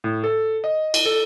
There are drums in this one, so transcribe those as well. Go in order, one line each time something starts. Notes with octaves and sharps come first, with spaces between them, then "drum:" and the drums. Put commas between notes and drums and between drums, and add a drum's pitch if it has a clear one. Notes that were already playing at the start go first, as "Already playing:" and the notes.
A2
A4
D#5
drum: cymbal
A4